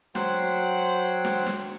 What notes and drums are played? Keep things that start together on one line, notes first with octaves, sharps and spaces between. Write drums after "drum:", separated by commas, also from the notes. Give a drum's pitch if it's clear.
F#3 C5 F#5 G5, drum: snare
drum: snare
drum: snare